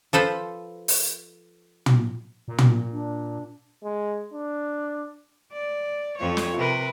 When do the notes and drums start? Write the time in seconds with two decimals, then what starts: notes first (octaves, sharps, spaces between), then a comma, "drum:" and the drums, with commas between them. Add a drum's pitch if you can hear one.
0.13 F3 A4 B4 C5
0.88 drum: open hi-hat
1.86 drum: tom
2.48 A#2
2.58 drum: tom
2.92 D4
3.84 G#3
4.33 D4
5.53 D5
6.18 F2 F3 C#5
6.37 drum: snare
6.58 C3 A#4 B4